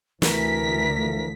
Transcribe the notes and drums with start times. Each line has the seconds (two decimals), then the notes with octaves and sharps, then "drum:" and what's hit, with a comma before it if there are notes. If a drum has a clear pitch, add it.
0.22 D2 C3 E3 A#4 B6, drum: snare
0.95 E3 F3 A3